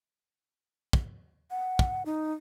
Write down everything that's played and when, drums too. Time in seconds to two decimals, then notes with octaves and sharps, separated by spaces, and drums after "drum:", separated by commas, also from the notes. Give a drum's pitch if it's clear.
0.93 drum: kick
1.51 F#5
1.79 drum: kick
2.06 D#4